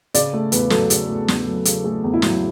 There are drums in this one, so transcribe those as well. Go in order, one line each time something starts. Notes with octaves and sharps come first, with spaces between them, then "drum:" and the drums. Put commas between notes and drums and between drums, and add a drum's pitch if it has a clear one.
C#3 D5, drum: hi-hat
A3
E2 B4, drum: hi-hat
F#3 A4, drum: snare
C#3, drum: hi-hat
A3
E2, drum: snare
F#3
C#3, drum: hi-hat
A3 G#4
E2
E4
F#3, drum: snare